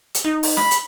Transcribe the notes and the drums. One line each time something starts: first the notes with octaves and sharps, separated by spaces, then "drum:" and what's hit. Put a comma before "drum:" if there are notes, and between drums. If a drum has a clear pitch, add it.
drum: hi-hat
D#4
drum: open hi-hat
B5, drum: snare
drum: hi-hat